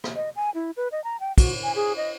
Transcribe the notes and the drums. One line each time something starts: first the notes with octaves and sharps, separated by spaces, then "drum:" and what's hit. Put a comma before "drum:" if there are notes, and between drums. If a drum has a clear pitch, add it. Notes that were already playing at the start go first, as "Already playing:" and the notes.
drum: rim click
D#5
G#5
E4
B4
D#5
A#5
G5
F#4, drum: kick, cymbal
G#5
G#4
D#5